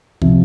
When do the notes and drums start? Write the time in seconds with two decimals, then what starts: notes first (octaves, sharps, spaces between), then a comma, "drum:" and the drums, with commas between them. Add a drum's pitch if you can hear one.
0.22 C3 F3, drum: kick